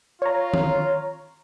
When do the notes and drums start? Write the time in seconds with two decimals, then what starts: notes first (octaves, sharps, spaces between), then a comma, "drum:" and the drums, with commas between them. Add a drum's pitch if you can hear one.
0.22 F4 C#5 A#5
0.54 drum: tom D#3